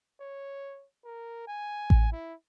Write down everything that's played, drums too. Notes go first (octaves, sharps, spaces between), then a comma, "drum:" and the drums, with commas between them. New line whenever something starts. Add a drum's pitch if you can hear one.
C#5
A#4
G#5
drum: kick A1
E4